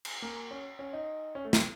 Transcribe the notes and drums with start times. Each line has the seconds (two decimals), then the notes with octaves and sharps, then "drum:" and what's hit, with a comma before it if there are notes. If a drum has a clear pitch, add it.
0.05 drum: cymbal
0.22 A#3
0.51 C#4
0.79 C#4
0.93 D#4
1.35 C#4
1.45 A3
1.53 C4, drum: snare